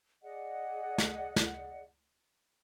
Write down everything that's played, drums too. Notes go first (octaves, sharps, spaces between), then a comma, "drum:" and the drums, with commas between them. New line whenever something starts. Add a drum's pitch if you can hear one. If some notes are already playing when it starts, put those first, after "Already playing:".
G#4 D5 D#5 F#5
drum: snare
drum: snare